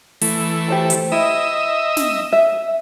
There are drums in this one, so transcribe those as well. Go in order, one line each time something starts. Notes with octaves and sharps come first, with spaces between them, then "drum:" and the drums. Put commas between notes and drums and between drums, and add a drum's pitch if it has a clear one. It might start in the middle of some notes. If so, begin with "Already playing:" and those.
E3 A3, drum: open hi-hat
G4 C5 A5
drum: hi-hat
E4 D#5 E5
drum: snare
E5